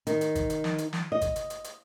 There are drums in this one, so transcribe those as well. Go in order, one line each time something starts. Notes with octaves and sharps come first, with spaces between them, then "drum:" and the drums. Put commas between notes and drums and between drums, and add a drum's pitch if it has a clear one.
D#3, drum: hi-hat
drum: hi-hat
drum: kick, hi-hat
drum: hi-hat
drum: snare
drum: hi-hat
drum: snare
D#5
drum: kick, hi-hat
drum: hi-hat
drum: hi-hat
drum: hi-hat